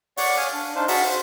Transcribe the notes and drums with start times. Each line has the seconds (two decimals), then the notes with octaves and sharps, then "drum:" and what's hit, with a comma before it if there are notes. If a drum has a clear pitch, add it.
0.17 C#5 D5 F#5 C#6, drum: open hi-hat
0.37 C#5 F5 G#5 D#6
0.53 D4
0.75 D4 D#4 C5 F5
0.88 F#4 G#4 E5 F#5 A5 E6, drum: open hi-hat
1.04 C5